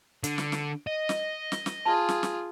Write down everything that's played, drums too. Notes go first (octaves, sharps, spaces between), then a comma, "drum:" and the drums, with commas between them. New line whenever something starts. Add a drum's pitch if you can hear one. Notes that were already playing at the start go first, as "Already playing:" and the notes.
D3, drum: hi-hat
drum: snare
drum: snare
D#5
drum: snare
drum: snare
drum: snare
F4 G#4 A5
drum: snare
drum: snare